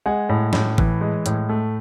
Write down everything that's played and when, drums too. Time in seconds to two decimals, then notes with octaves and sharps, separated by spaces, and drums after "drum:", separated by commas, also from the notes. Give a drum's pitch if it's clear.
0.06 G#3 F#5 G#5
0.29 A2
0.53 A2, drum: snare
0.78 E3, drum: kick G#1
1.01 G#3
1.26 A2, drum: hi-hat
1.49 A3